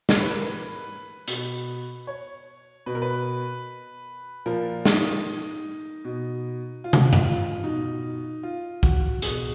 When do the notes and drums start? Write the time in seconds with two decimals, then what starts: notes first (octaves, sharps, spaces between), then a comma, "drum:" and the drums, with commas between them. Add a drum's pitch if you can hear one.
0.09 C#5, drum: snare
0.20 B4
0.31 A#4
0.41 B4
1.28 B2, drum: hi-hat
2.07 C#5
2.86 B2 B4
2.95 A#4
3.02 B4
4.46 A#2 F3 A#4
4.85 D#4, drum: snare
6.05 B2
6.84 F4
6.93 F#4, drum: tom
7.03 F4
7.13 drum: tom F#2
7.23 F4
7.63 B2 D#4
8.43 F4
8.83 F#4, drum: kick
9.22 B2 G#4, drum: hi-hat